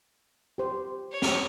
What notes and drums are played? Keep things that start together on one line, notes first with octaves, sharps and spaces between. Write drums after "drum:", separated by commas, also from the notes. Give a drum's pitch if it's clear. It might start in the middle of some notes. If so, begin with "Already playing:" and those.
G4 C5
C#5
drum: snare